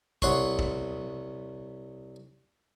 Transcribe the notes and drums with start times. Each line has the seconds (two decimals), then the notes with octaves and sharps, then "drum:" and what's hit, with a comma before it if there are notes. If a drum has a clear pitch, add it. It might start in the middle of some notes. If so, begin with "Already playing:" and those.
0.22 C2 C#5 F#5 C6 C#6, drum: kick
0.59 drum: kick